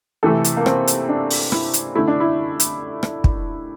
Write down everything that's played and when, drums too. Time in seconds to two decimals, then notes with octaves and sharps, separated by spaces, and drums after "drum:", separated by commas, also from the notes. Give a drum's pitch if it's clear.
0.23 C3 E3 A3 A4
0.44 drum: hi-hat
0.57 A#3
0.66 C4, drum: rim click
0.87 drum: hi-hat
1.09 D4
1.30 drum: open hi-hat
1.52 E4, drum: rim click
1.74 drum: hi-hat
1.95 D3 A3 E4
2.08 D4
2.20 E4
2.60 drum: hi-hat
3.03 drum: rim click
3.24 drum: kick